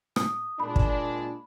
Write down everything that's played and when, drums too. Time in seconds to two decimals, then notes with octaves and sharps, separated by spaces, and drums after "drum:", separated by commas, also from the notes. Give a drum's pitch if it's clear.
0.16 D#6, drum: rim click
0.60 A#2 G#3 D4 B5
0.76 drum: kick